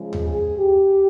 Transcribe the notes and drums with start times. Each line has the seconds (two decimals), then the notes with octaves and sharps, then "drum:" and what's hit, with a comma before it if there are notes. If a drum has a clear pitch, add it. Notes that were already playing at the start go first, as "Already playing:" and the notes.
Already playing: C#3 F3 G#3
0.13 drum: tom
0.24 G#4
0.57 G4